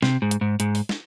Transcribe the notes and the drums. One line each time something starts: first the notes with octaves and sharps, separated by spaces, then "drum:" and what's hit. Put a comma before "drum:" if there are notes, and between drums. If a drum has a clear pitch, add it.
C3, drum: snare
G#2
drum: hi-hat
G#2
G#2, drum: hi-hat
drum: open hi-hat
drum: snare